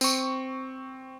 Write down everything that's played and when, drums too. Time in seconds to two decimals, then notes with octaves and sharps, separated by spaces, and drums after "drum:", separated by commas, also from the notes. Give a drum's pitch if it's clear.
0.01 C4 C#6, drum: tambourine